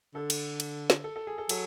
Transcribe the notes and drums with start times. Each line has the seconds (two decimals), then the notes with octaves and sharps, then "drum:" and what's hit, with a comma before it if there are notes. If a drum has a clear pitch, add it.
0.14 D3 A4
0.30 drum: cymbal
0.60 drum: cymbal
0.90 drum: snare
1.04 A4
1.16 A4
1.27 G#4
1.38 A4
1.49 F#3 A4, drum: cymbal